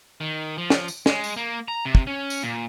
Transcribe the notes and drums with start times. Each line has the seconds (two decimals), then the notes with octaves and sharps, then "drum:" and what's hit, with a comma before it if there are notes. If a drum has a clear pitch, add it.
0.21 D#3
0.58 F3
0.70 drum: snare
0.88 drum: tambourine
1.06 G#3, drum: snare
1.24 drum: tambourine
1.37 A#3
1.68 A#5
1.85 C3
1.95 drum: kick
2.07 C#4
2.30 drum: tambourine
2.43 A#2